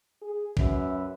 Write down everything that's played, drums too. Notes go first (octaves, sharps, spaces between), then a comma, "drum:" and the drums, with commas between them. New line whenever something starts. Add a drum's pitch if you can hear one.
G#4
F#2 B4 E5, drum: kick